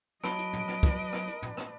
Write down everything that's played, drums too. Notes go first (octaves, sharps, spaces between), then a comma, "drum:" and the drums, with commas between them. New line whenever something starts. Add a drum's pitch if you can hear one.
F#3 B4 D#5 A5 B5 D7 G7, drum: rim click
drum: hi-hat
drum: tom
drum: rim click
drum: kick, hi-hat
drum: open hi-hat
drum: rim click
drum: hi-hat
drum: tom
drum: rim click